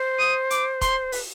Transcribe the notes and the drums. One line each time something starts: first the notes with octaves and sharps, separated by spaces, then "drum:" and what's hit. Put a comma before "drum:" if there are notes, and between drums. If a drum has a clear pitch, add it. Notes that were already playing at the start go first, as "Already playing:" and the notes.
Already playing: C5
D#6
D6, drum: hi-hat
C6, drum: kick, hi-hat
B4, drum: open hi-hat